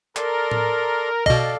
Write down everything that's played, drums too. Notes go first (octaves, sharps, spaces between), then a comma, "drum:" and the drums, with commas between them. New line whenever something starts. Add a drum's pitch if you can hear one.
A4 A#4 D5 C6, drum: clap
drum: tom A2
B2 A4 D5 D#5 F5, drum: kick